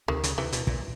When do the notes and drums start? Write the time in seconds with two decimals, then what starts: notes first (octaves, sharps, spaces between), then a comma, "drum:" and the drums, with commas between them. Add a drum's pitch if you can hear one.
0.08 C3 D#3, drum: tom D2
0.24 C#3, drum: hi-hat
0.38 C3 E3
0.52 B2, drum: hi-hat
0.67 A#2, drum: kick